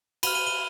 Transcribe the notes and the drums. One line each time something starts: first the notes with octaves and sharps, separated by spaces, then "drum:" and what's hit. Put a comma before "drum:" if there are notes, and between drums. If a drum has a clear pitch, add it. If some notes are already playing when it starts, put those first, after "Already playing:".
B5 F6 D#7 G7, drum: cymbal
D#7 G7
D#7 G7